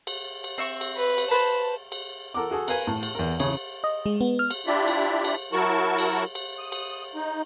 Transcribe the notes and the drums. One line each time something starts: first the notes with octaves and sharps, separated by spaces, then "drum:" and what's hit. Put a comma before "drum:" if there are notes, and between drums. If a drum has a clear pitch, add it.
drum: cymbal
drum: cymbal
C4 E5 C#6
drum: cymbal
B4
drum: cymbal
B4 C5 A5
drum: cymbal
A4 A#4 F#5 D6
F#4 G#4 A4
A#4 B4 F5 G#5, drum: cymbal
A2
drum: cymbal
E2 A#4
A1 C#3 C#5, drum: cymbal
D#5
G#3
B3
F6
drum: cymbal
D4 E4 F4 G4 D5 E5
drum: cymbal
drum: cymbal
F#3 E4 F#4 A#4 A5 C#6
drum: cymbal
drum: cymbal
D#6
drum: cymbal
D#4